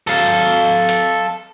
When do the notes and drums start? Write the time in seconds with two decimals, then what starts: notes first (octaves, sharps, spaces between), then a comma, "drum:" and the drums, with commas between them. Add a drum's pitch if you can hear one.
0.07 A4 F5, drum: cymbal
0.89 drum: hi-hat